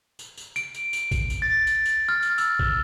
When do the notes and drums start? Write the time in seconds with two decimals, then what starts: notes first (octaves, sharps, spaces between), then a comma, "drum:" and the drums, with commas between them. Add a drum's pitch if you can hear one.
0.19 drum: tambourine
0.37 drum: tambourine
0.56 D7, drum: tambourine
0.74 drum: tambourine
0.93 drum: tambourine
1.11 drum: kick, tambourine
1.30 drum: tambourine
1.42 A6
1.67 drum: tambourine
1.85 drum: tambourine
2.09 F6
2.22 drum: tambourine
2.38 E6, drum: tambourine
2.59 drum: kick